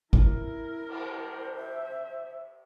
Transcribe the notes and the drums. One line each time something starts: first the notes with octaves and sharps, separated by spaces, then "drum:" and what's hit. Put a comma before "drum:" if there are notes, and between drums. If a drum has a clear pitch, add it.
E4 A#4, drum: kick G1
drum: cymbal
C5
E5